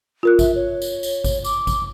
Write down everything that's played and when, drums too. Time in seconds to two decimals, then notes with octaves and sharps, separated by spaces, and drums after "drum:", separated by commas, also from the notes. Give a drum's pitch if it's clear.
0.23 F4 A#4 F#6
0.39 E5, drum: kick G#1, tambourine
0.55 C#5
0.82 drum: tambourine
1.03 drum: tambourine
1.24 drum: kick G#1, tambourine
1.44 D6, drum: tambourine
1.67 drum: kick G#1, tambourine